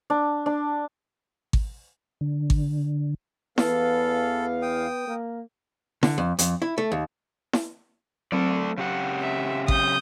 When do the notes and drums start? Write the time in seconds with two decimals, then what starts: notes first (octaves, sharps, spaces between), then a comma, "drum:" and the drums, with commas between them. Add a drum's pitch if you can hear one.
0.10 D4
0.46 D4
1.53 drum: kick G#1
2.21 D3
2.50 drum: kick G#1
3.58 E2 E3 B3 A4 F5, drum: snare E4
4.62 G5 D#6
5.07 A#3
6.03 D3, drum: snare E4
6.18 F2
6.39 F2, drum: hi-hat
6.62 E4
6.78 A3
6.92 D#2
7.53 drum: snare E4
8.32 F#3 A3 C4 A4 D5
8.78 C#3 G4 F#5
9.21 E5
9.68 D#6 G6, drum: kick G#1